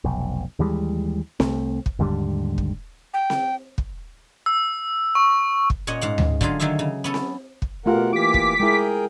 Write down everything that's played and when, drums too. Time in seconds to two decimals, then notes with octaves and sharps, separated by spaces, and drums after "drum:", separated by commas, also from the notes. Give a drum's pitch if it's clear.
0.04 F1 B1
0.59 D#2 E3 G3 G#3
1.40 C2 A3 C4, drum: snare C4
1.86 drum: kick
1.99 D#2 G#2 D3 G3
2.58 drum: kick
3.14 G5
3.30 drum: snare C4
3.78 drum: kick
4.46 E6
5.15 C#6
5.70 drum: kick
5.87 A#2 C#4 C#5 D#5 F#5
6.01 G#2 F5 F#5
6.18 drum: tom D2
6.41 D3 F#3 F4 G#4 F5, drum: kick
6.60 D3 D#3 F#3 G#4 E5 F5
6.79 C#3
7.04 B3 C#4 A4
7.14 drum: snare C4
7.62 drum: kick
7.86 B2 A3 F4 G4 A#4 F#5
8.13 E3 A#3 F4 G4 D6 B6
8.34 drum: kick
8.60 G#3 E4 G#4 A#4 G5